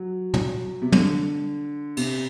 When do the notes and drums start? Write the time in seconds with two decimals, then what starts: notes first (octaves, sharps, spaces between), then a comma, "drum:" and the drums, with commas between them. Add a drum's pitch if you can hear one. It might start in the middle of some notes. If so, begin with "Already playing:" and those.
Already playing: F#3
0.34 drum: tom
0.82 C3
0.92 D3, drum: tom
1.97 C3, drum: cymbal